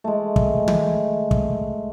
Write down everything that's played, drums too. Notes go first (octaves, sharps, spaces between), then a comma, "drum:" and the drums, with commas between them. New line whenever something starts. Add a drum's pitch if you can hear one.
G#3 A3
drum: kick
drum: tom
drum: kick